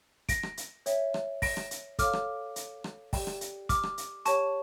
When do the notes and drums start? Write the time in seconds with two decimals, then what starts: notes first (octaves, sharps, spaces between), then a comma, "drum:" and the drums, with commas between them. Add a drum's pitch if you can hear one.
0.29 A#6 D7, drum: kick, hi-hat
0.43 drum: rim click
0.57 drum: hi-hat
0.86 C#5 E5 G5, drum: hi-hat
1.14 drum: rim click
1.42 A#6 D7, drum: kick, open hi-hat
1.57 drum: rim click
1.71 drum: hi-hat
1.99 A4 C#5 F5 D6 F6, drum: kick, hi-hat
2.13 drum: rim click
2.56 drum: hi-hat
2.84 drum: rim click
3.13 G4 D5 G5, drum: kick, open hi-hat
3.27 drum: rim click
3.41 drum: hi-hat
3.69 D6 F6, drum: kick, hi-hat
3.83 drum: rim click
3.98 drum: hi-hat
4.25 G4 C#5 G5 A5 C#6, drum: hi-hat